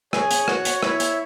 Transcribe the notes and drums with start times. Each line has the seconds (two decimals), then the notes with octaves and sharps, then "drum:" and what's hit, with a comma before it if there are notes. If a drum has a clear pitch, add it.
0.13 G#4 C#5 G#5, drum: rim click
0.31 drum: hi-hat
0.48 F#4 F#5, drum: rim click
0.65 drum: hi-hat
0.83 E4 C#5 E5, drum: rim click
1.00 drum: hi-hat